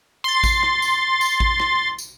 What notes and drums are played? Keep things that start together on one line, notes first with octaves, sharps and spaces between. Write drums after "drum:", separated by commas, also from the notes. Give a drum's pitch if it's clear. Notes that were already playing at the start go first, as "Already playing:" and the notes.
C6 A6
drum: kick A1, tambourine
drum: rim click
drum: tambourine
drum: tambourine
drum: kick A1
drum: rim click
drum: tambourine